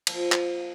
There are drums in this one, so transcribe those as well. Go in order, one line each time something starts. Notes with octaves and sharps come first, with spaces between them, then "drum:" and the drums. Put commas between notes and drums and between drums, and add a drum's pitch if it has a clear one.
F3 A#3 F4, drum: cymbal
drum: clap